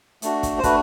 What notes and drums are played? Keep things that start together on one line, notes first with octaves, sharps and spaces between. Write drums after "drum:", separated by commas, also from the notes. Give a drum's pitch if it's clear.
A3 D4 F#4, drum: hi-hat
drum: kick, hi-hat
C5
A3 D4 F#4 B4, drum: kick, hi-hat